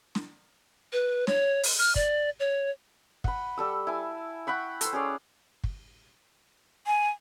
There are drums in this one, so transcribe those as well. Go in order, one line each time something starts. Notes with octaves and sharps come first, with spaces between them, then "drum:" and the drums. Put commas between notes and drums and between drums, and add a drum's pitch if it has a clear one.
drum: snare
B4
C#5, drum: snare
drum: open hi-hat
F6
D5, drum: kick
C#5
F#5 B5, drum: kick
G3 A4 E6
E4 G#5 A5
F#5 G5 B5 C#6
A4 C5, drum: hi-hat
C#4 G#4 C#5 D5
drum: kick
G#5